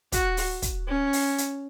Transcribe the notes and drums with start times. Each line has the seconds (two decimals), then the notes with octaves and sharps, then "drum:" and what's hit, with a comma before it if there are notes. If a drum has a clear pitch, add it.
0.12 F#4, drum: kick, hi-hat
0.37 drum: open hi-hat
0.62 drum: kick, hi-hat
0.87 C#4
1.13 drum: open hi-hat
1.38 drum: hi-hat